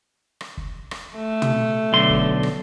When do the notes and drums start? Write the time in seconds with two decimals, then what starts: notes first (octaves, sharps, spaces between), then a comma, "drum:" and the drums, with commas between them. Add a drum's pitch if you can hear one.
0.41 drum: rim click
0.57 drum: kick
0.91 drum: rim click
1.16 A3
1.42 drum: tom
1.93 B1 D3 C6
2.09 drum: kick
2.43 drum: rim click